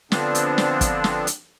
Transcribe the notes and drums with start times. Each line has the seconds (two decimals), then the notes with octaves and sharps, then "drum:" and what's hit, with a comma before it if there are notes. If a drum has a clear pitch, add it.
0.12 D3 F3 B3 C4 D4, drum: snare
0.35 drum: hi-hat
0.58 drum: snare
0.81 drum: kick, hi-hat
1.04 drum: snare
1.27 drum: hi-hat